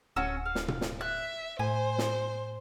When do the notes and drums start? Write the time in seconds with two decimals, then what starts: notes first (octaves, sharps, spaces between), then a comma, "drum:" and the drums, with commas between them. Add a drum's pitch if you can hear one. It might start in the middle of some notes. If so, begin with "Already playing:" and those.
0.16 D1 C#4 F#4 E6
0.45 F5
0.55 drum: snare
0.68 drum: tom
0.81 drum: snare
1.01 E5 F#6
1.59 A2 C5 G#5
1.98 drum: snare